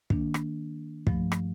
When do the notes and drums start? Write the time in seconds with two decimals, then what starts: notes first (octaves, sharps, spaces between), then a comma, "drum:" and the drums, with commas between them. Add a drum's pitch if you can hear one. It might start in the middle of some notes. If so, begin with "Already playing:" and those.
0.10 D#3 A#3 D4, drum: kick
0.34 drum: rim click
1.07 G2 F3 A3, drum: kick
1.32 drum: rim click